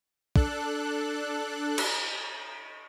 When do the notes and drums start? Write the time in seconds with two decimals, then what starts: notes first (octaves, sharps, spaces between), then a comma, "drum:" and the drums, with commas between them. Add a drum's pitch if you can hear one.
0.36 D4 A4 F#6, drum: kick
1.78 drum: cymbal